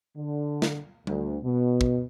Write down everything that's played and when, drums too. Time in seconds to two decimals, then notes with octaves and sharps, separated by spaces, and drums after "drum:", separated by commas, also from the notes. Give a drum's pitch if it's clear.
0.16 D3
0.62 drum: snare
1.07 D2, drum: tom G3
1.43 B2
1.81 drum: kick